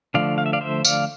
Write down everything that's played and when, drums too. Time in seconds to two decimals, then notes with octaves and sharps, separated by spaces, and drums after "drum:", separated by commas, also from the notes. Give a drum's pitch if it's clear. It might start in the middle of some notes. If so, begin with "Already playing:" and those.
0.14 D3 F3 A3 D5 F5
0.38 F5
0.46 E5
0.53 D5 F5
0.61 C5 E5
0.85 D5 F5, drum: tambourine